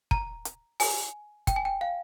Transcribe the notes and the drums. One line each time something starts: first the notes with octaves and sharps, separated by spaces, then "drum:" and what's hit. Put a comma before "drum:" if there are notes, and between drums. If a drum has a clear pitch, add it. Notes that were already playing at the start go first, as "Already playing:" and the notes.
A#5, drum: kick
drum: hi-hat
G#5, drum: open hi-hat
G5, drum: kick, hi-hat
G#5
G5
F5